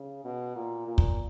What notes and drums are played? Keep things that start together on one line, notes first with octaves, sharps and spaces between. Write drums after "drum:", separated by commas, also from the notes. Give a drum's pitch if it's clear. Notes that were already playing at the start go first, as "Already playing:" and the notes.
Already playing: C#3
B2
A#2
A#2
drum: kick